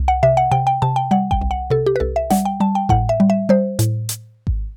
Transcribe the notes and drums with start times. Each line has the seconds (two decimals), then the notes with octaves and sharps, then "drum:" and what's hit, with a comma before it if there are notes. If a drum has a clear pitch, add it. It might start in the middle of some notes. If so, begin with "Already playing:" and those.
Already playing: C2
0.08 F#5
0.23 C3 E5
0.37 F#5
0.52 C3 G5
0.67 G5
0.82 C3 A5
0.96 G5
1.11 G3 F#5
1.31 G5, drum: kick G#1
1.41 C2
1.51 F#5
1.70 C3 A4
1.86 G4
1.96 B4
2.00 C2 A4
2.16 E5
2.30 G3 F#5, drum: snare
2.45 G5
2.60 G3 A5
2.75 G5
2.89 A2 F#5, drum: kick G#1
3.09 E5
3.20 G3
3.30 E5
3.49 G3 C5
3.79 A2, drum: hi-hat
4.09 drum: hi-hat
4.47 drum: kick G#1